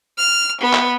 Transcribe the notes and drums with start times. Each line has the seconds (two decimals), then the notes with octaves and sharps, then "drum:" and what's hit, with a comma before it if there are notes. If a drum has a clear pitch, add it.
0.18 F6
0.61 B3
0.73 drum: clap